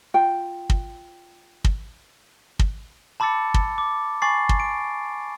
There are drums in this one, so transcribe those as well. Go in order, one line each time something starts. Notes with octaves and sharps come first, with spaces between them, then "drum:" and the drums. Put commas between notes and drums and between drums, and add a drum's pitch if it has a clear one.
F4 G5
drum: kick
drum: kick
drum: kick
A5 B5 D6 E6 A6 C#7
drum: kick
D6
G#5 B5 C#6 D6 A6 C7
drum: kick
D7